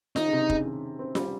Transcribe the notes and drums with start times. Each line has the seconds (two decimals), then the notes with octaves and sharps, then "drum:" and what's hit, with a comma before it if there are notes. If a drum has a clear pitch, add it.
0.16 D#3 D#4, drum: snare F4
0.26 C#3
0.33 C3
0.50 C#3, drum: kick F1
0.65 D#3
0.99 C4
1.15 G3, drum: snare F4